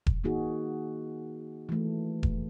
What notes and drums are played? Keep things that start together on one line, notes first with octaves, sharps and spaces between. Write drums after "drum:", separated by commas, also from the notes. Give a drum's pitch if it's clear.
drum: kick E1
D#3 A#3 D#4 F#4 G#4
E3 A3
drum: kick E1